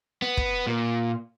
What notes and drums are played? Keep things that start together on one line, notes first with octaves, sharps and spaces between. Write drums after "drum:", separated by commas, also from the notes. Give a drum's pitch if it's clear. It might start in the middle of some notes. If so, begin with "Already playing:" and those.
B3
drum: kick
A#2